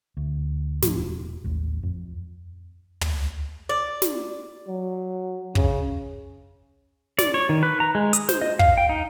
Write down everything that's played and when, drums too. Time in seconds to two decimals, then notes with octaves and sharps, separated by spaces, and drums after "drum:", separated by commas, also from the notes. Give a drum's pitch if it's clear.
0.17 D2
0.82 A2 F3 C4, drum: snare
0.97 E1
1.44 A1 D#2
1.83 F2
3.01 drum: tom
3.69 D5
4.02 drum: snare
4.68 F#3
5.55 C#3, drum: kick
7.19 D5, drum: snare
7.34 C#5
7.49 D#3
7.63 B4
7.80 A#5
7.95 G#3
8.13 D#6, drum: hi-hat
8.29 C5, drum: snare
8.41 D#5
8.59 F5, drum: kick
8.78 G5
8.89 D#4